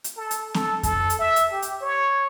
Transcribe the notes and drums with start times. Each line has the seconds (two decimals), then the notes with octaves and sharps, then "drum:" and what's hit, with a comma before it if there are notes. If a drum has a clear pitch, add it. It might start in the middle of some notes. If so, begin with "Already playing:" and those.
0.04 drum: hi-hat
0.17 A4
0.31 drum: hi-hat
0.54 A4, drum: snare C4
0.83 A4, drum: kick F2, hi-hat
1.10 drum: hi-hat
1.19 E5
1.36 drum: hi-hat
1.52 G4
1.62 drum: hi-hat
1.82 C#5